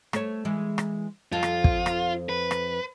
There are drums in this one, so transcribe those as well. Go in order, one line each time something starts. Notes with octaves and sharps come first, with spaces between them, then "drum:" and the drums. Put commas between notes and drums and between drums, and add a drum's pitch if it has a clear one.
A3 C#5, drum: rim click
E3 G#3
drum: rim click
F2 F4 A4
drum: rim click
drum: kick
drum: rim click
B4
drum: rim click